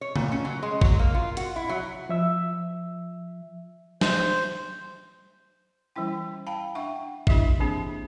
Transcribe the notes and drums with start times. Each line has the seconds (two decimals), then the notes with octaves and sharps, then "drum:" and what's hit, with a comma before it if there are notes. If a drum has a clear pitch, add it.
0.01 C#5
0.16 A#2, drum: tom
0.32 C#4
0.45 F#3
0.63 G#3
0.81 F#3, drum: kick G#1
0.99 A#3
1.14 F4
1.37 F#4, drum: hi-hat
1.56 E4
1.69 F#3
2.09 F3 E5 E6
4.01 C5, drum: snare
5.96 E3 G3 C#4 E4 G5
6.47 F5 G5 A5 B5
6.75 D4 E5 F#5 G5 C#6
7.27 D4 E4 G4 D#5 E5, drum: kick G#1
7.60 E3 A#3 C4 D4 G#4